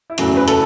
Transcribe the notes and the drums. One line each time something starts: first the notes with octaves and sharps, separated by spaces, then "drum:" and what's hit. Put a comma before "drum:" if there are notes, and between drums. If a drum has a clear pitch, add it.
E4
F#1 E2 C#3 A3 F#4, drum: hi-hat
B4
A4, drum: hi-hat